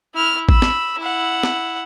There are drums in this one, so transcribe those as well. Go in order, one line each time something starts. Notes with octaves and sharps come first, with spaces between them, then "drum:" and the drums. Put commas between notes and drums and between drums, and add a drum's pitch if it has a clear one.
E4 F6
B5 E6, drum: kick
drum: snare
E4 F#5
drum: snare